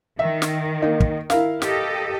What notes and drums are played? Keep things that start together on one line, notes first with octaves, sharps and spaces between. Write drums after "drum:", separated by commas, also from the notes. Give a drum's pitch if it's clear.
D#3 E5
drum: snare
A#3 D#4
drum: kick
E4 A#4 F5, drum: snare
G4 A4 D#5, drum: snare